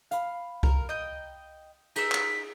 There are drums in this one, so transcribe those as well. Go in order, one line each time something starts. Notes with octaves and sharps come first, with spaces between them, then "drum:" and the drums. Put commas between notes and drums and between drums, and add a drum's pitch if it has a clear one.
F5 B5, drum: hi-hat
A#4, drum: kick C2
D#5 G5
D#4 G#4 E6 B6, drum: cymbal
drum: clap